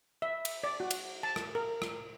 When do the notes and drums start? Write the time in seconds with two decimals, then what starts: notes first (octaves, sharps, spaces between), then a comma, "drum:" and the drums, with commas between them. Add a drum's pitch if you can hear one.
0.22 E5
0.45 drum: cymbal
0.64 D5
0.80 F#4
0.91 drum: cymbal
1.23 A5
1.36 drum: rim click
1.55 A#4
1.82 drum: rim click